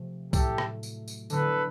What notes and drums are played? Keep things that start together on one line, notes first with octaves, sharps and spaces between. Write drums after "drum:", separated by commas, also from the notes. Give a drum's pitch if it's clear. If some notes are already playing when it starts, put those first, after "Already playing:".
Already playing: C3 F3 A3
A2 F#3 A3 G4 A4, drum: kick B1, tambourine
drum: rim click
drum: tambourine
drum: tambourine
D3 F#3 B3 E4 A4 B4, drum: tambourine